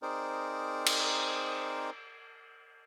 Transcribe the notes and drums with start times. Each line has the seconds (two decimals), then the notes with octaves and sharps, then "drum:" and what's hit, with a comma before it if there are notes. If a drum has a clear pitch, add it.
0.02 C4 D#4 G#4 A#4 C5 D5
0.86 drum: cymbal